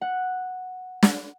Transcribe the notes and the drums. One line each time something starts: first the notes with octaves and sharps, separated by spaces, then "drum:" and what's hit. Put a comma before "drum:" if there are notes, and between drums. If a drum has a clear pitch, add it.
F#5
drum: snare